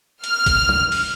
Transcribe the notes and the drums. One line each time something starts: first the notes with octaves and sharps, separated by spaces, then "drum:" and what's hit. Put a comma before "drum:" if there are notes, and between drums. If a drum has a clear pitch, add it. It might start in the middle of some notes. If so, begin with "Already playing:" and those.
F6, drum: hi-hat
drum: kick B1, hi-hat
drum: tom
drum: open hi-hat